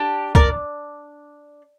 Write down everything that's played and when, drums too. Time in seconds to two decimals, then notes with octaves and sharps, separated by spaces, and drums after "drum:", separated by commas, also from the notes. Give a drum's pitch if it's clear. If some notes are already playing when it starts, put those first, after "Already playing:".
Already playing: D4 G4
0.35 A#4 D5, drum: kick